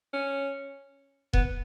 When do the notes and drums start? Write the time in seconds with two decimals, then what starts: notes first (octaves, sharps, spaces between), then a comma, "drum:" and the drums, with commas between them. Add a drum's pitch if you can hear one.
0.13 C#4
1.33 B3, drum: kick E1